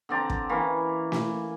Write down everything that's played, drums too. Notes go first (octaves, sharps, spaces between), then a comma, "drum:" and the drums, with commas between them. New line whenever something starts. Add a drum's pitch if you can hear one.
D3 C4 D5 A#5
drum: kick
E3 A#3 C#4
drum: snare